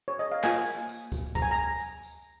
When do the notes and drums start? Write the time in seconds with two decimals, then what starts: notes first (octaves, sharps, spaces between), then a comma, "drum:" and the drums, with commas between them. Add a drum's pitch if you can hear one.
0.08 C#5
0.19 D#5
0.31 F5
0.44 A#3 F4 G#5, drum: clap
0.66 drum: tambourine
0.89 drum: tambourine
1.12 drum: kick C#2, tambourine
1.35 A#5, drum: kick C#2, tambourine
1.42 G#5
1.51 A#5
1.80 drum: tambourine
2.03 drum: tambourine